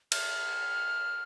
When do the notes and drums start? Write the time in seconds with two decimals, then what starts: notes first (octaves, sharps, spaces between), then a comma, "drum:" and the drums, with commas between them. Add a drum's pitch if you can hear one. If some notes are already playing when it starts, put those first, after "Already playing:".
0.12 F6, drum: cymbal